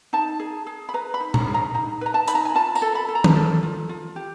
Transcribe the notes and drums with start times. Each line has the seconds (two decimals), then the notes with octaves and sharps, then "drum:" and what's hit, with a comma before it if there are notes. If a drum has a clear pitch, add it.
0.13 D#4 A5
0.40 G#4
0.67 G#4
0.89 B5
0.94 B4 A#5
1.14 B5
1.21 D#4
1.34 A#5, drum: tom A#2
1.48 G#4
1.54 A#5
1.74 D#4 A#5
2.01 B4 A#5
2.14 A5
2.28 D#4 B5, drum: hi-hat
2.35 A#5
2.45 G#5
2.55 F4 A5
2.75 A#5, drum: tambourine
2.82 A4
2.95 B5
3.09 A4
3.15 A#5
3.24 drum: tom
3.36 A4
3.63 F4
3.89 F4
4.16 G4